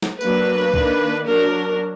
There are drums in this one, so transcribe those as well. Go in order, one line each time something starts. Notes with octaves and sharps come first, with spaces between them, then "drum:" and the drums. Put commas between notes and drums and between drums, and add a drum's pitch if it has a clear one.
drum: snare
F#3 A#3 D4 B4, drum: tambourine
D#3 A#3 D4, drum: kick
F#3 D4 A#4